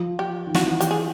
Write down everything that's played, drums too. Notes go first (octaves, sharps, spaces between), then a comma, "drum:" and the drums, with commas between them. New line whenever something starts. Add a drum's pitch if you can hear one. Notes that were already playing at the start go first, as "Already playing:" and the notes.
Already playing: F3
G4
D#3
E3 F#4, drum: snare
G4, drum: hi-hat
G#4